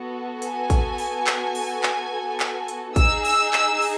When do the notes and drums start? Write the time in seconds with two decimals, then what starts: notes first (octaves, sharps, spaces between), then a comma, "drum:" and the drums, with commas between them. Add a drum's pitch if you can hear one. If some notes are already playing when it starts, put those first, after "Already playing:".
Already playing: B3 F#4 A4
0.42 G#5, drum: hi-hat
0.70 drum: kick, hi-hat
0.98 drum: open hi-hat
1.27 drum: clap
1.55 drum: open hi-hat
1.83 drum: clap
2.40 drum: clap
2.68 drum: hi-hat
2.96 D#4 G#4 E6, drum: kick, hi-hat
3.25 E6, drum: open hi-hat
3.53 E6, drum: clap
3.82 drum: open hi-hat